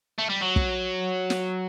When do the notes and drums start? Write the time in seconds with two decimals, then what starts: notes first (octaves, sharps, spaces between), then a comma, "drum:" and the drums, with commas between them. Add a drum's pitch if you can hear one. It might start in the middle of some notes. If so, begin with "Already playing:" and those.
0.18 A3
0.29 G3
0.41 F#3
0.56 drum: kick
1.30 drum: snare